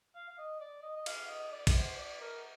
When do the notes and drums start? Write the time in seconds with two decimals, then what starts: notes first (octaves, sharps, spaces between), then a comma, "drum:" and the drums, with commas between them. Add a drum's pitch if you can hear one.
0.15 F5
0.29 F5
0.38 D#5
0.60 D5
0.83 D#5
0.96 D#5
1.06 F5, drum: cymbal
1.28 D#5
1.52 D5
1.67 D5, drum: kick, cymbal
1.74 C5
1.97 D5
2.20 A#4